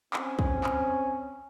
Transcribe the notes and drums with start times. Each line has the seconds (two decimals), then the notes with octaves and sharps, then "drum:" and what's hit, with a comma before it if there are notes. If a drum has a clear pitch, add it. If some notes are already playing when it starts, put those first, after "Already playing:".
0.14 C4 C#4, drum: clap
0.39 drum: kick
0.64 drum: clap